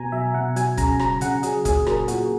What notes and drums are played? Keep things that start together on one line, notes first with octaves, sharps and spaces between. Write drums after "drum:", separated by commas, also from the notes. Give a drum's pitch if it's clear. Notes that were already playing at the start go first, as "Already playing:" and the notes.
Already playing: B2 G#5 A#5
F#3 E5
B2 F#5
F#3 G#5, drum: hi-hat
C#3 A#5, drum: kick, hi-hat
F#3 A#5, drum: rim click
C#3 F#5, drum: hi-hat
F#3 G#4, drum: hi-hat
A#2 G#4, drum: kick, hi-hat
F#3 A#4, drum: rim click
A#2 F#4, drum: hi-hat